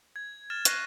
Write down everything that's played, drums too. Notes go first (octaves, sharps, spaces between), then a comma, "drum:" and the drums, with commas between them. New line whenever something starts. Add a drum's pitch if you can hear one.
G#6
F6 A6 E7
C#6 F#6 A#6 C7 D#7, drum: hi-hat